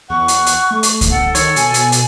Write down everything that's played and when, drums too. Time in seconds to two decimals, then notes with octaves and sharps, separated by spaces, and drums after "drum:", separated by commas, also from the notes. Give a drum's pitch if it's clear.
0.10 E2 F#5 C#6
0.28 drum: hi-hat
0.46 drum: hi-hat
0.71 A3
0.83 drum: hi-hat
1.01 drum: kick C#2, hi-hat
1.11 G1 A4 F#5
1.35 D#3 C#5 E6, drum: hi-hat
1.56 B2 G#5, drum: hi-hat
1.74 drum: hi-hat
1.92 drum: hi-hat